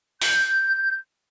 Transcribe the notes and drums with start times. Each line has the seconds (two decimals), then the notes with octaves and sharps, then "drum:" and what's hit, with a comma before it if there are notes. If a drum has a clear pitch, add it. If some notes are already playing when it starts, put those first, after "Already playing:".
0.22 G6, drum: open hi-hat